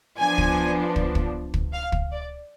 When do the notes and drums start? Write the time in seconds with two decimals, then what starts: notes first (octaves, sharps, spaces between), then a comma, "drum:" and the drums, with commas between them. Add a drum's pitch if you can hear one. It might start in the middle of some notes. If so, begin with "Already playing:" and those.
0.18 F3 B3 D4 G#5
0.38 drum: kick
0.96 drum: kick
1.15 drum: kick
1.54 drum: kick
1.73 F5
1.92 drum: kick
2.11 D5